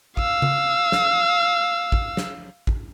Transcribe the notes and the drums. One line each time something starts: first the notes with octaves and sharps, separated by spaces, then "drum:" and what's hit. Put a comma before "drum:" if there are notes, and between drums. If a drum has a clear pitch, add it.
F5 E6, drum: kick A1
drum: tom C#3
drum: snare
drum: kick A1
drum: snare
drum: kick A1